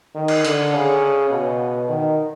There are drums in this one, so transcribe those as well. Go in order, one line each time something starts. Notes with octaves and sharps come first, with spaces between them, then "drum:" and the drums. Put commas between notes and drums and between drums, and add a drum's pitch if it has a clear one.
D#3
drum: cymbal
D3, drum: hi-hat
C#3
B2
D#3